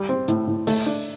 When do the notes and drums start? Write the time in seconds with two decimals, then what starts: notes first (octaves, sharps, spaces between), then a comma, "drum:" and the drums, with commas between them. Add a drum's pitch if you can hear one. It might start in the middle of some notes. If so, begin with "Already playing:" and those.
Already playing: G3
0.09 C4
0.28 A2, drum: hi-hat
0.47 A2
0.67 A3, drum: open hi-hat
0.86 D4